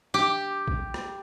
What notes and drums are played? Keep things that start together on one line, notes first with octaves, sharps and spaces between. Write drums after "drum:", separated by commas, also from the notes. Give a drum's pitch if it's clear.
G4
drum: kick A#1
drum: rim click